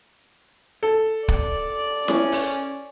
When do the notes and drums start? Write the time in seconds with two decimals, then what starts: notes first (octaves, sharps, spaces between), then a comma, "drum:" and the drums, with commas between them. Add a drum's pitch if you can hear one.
0.83 A4
1.28 D5, drum: kick
2.08 C#4, drum: snare E4
2.32 drum: open hi-hat